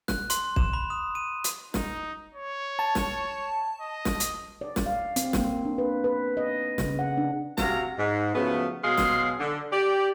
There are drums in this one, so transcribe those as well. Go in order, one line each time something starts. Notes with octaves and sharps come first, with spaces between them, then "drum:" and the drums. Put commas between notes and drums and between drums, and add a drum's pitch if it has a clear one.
F#6, drum: snare
C6, drum: hi-hat
E7, drum: kick
B5
D#6
D#7
drum: hi-hat
D#4, drum: snare
C#5
A5
drum: snare
D#5
drum: snare
drum: hi-hat
D5
drum: snare
F5
C4, drum: hi-hat
A#3, drum: snare
D4
B4
B4
D#5
C#3, drum: snare
F#5
D4
C3 F#4 F5 A#5, drum: snare
G#2
C#3 F3 F#3 A3 B3
B2 F#3 G#3 G#4 F5 C6
drum: snare
D3
G4 D5